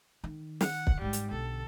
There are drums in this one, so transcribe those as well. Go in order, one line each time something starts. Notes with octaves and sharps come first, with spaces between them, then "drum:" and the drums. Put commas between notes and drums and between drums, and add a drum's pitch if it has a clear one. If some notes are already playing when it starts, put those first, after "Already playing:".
D#3
F#5, drum: snare
drum: kick
G#2 G3
drum: hi-hat
B1 D3 A4